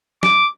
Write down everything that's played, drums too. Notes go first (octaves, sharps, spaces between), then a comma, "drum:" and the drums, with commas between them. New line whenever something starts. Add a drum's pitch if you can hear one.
D6, drum: snare